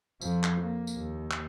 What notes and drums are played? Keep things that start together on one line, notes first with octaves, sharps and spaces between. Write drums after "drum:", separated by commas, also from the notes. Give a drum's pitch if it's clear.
F2 F3, drum: tambourine
drum: clap
A#3
drum: tambourine
D#2
drum: clap